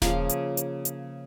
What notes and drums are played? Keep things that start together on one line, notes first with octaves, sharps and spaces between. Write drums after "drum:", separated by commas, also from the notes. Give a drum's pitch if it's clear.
C#3 F3 A#3 F5, drum: snare D#1
drum: hi-hat
drum: hi-hat
drum: hi-hat